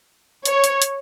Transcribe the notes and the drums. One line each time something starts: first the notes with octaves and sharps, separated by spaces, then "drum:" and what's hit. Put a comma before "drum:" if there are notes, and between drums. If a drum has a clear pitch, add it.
C#5, drum: hi-hat
drum: hi-hat
drum: hi-hat